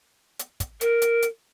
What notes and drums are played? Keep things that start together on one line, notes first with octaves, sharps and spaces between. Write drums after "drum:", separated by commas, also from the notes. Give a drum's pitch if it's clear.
drum: hi-hat
drum: kick, hi-hat
A#4, drum: hi-hat
drum: hi-hat
drum: hi-hat